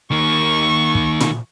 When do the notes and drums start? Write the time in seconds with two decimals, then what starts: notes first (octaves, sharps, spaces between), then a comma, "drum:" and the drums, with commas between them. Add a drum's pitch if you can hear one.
0.11 D#3 A#3 C#6
0.95 drum: kick
1.20 drum: tom